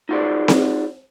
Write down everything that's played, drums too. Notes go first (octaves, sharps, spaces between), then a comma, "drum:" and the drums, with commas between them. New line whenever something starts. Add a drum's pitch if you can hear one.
D#4 F4 F#4 G#4 C5 D5
drum: snare C4